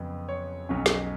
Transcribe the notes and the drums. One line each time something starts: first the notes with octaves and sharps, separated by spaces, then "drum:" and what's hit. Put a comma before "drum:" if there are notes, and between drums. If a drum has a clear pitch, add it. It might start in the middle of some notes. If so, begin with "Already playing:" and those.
Already playing: F2 C#3 F#3 B3
C#5
B1 B2 F#3 C#4
drum: snare